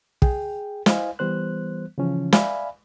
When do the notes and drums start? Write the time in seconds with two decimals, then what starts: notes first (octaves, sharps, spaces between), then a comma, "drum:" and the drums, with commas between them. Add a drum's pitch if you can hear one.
0.22 G#4 G5, drum: kick
0.86 E4 C5 D#5 F5 G#5, drum: snare
1.19 E3 G3 B3 C5 F#6
1.98 C#3 E3 F3 C#4
2.33 D5 E5 F5 G#5 B5, drum: snare